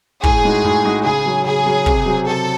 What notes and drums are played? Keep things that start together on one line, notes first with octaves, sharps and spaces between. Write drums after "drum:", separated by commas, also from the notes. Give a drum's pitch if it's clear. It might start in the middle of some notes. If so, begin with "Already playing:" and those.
A2 G#4, drum: kick
G#3 D#4 F#4
A2
G#3 D#4 F#4
C#3 G#4
F#3 C#4
C#3 G#4
F#3 C#4
C3, drum: kick
F#3 C4
C3 A4